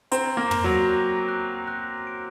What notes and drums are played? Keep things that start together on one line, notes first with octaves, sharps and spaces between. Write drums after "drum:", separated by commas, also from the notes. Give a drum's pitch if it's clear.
C4 A#5, drum: hi-hat
A#3
A#5, drum: tom
F#3
F#6
F#6
F#6
D7